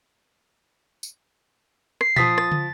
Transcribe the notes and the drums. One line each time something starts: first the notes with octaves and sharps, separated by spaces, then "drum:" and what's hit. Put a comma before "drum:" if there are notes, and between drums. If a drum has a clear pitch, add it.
drum: tambourine
C7, drum: rim click
F3 D#6 A6 B6, drum: tom A#2
A6, drum: rim click
drum: tom